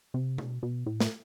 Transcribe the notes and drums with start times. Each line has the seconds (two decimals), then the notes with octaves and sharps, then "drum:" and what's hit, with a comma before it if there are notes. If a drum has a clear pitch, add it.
0.14 C3
0.38 B2, drum: tom B2
0.63 B2
0.86 A2
1.00 drum: snare